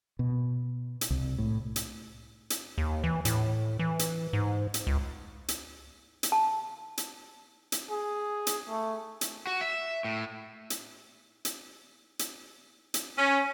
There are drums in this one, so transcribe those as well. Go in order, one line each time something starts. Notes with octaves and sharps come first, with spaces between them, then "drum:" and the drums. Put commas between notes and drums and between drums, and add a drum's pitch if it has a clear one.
B2
drum: hi-hat
C2
A2
drum: hi-hat
drum: hi-hat
D#2
E3
A2, drum: hi-hat
E3
drum: hi-hat
G#2
drum: hi-hat
C#2
drum: hi-hat
drum: hi-hat
A5
drum: hi-hat
drum: hi-hat
G#4
drum: hi-hat
A3
drum: hi-hat
F#4
E5
A2
drum: hi-hat
drum: hi-hat
drum: hi-hat
drum: hi-hat
C#4 G#5